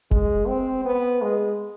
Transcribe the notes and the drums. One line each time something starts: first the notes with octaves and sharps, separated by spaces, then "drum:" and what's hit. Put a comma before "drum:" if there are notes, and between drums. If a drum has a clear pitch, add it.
G#3, drum: kick F1
C4
B3
G#3